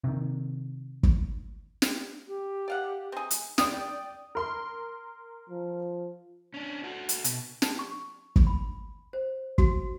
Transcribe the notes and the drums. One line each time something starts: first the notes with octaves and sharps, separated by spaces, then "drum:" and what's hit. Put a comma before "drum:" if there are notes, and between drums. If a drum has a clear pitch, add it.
C3 D#3
drum: kick
drum: snare
G4
D5 F5 F#5
C4 G#4
drum: hi-hat
D5 G5 D#6, drum: snare
A#4 C6
F3
C#4 D4
F#4 A4
drum: hi-hat
B2, drum: hi-hat
A5, drum: snare
C#6
drum: kick
B5
C5
F#4, drum: kick